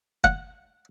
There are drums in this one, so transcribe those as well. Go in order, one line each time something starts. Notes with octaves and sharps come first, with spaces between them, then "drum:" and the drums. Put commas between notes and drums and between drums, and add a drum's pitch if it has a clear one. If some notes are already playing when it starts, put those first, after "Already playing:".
F#5, drum: kick F#1